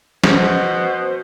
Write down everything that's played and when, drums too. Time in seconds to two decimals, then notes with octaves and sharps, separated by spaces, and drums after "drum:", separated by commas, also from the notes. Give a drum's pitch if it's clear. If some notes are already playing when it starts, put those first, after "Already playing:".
0.24 B2 C5, drum: snare